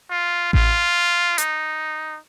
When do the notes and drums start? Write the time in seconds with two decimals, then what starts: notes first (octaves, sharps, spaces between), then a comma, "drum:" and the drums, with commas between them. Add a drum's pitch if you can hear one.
0.10 F4
0.53 F4, drum: kick A1
1.38 D#4, drum: hi-hat